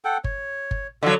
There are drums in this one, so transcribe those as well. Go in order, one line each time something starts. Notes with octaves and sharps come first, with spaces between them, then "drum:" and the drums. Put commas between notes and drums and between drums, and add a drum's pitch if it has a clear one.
A4 F#5 G5
C#5, drum: kick G1
drum: kick G1
D3 F#3 F#4 A4 F5